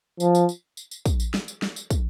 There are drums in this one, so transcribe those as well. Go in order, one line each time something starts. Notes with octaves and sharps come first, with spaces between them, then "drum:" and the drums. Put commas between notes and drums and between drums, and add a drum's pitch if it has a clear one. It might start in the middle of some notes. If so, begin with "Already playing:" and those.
F3, drum: tambourine
drum: tambourine
drum: tambourine
drum: tambourine
drum: tambourine
drum: kick, tambourine
drum: tambourine
drum: snare
drum: tambourine
drum: snare
drum: tambourine
drum: kick, tambourine